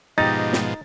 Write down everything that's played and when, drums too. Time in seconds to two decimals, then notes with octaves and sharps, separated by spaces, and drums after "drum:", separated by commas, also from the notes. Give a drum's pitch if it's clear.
0.18 G#2 B2 F3 D#4 G4 D#5 G5 A6
0.53 drum: snare